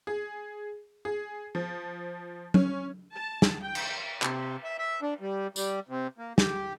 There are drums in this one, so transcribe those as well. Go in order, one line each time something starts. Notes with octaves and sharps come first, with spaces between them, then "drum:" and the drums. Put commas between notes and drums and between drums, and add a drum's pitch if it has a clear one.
G#4
G#4
F3
C#4, drum: tom F#3
A5
drum: snare
G5
drum: cymbal
C3, drum: clap
E5
E5
D4
G3
G3, drum: tambourine
C3
A#3
G4, drum: snare